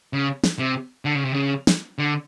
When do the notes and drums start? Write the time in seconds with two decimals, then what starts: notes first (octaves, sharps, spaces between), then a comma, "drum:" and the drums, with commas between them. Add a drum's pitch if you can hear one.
0.13 C#3
0.44 drum: snare
0.59 C3
1.05 D3
1.15 C#3
1.24 C3
1.32 C#3
1.67 drum: snare
1.98 D3